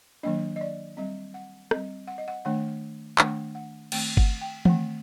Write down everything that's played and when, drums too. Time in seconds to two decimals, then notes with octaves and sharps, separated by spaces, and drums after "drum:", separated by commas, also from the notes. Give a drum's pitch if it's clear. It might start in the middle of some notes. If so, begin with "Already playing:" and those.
0.23 D#3 F#3 A#3 D4 D#5
0.56 D#5
0.61 D5
0.97 G3 C4 D#5
1.34 F#5
1.71 G3 C4 D#5, drum: rim click
2.08 F#5
2.18 D#5
2.28 F#5
2.45 D#3 A3 D4 F#5
3.18 D#3 A3 D4 F#5, drum: clap
3.55 F#5
3.92 D#3 A3 C4 G5, drum: cymbal
4.17 F#5, drum: kick G1
4.41 G5
4.65 D#3 A3 C4 F#5, drum: tom E3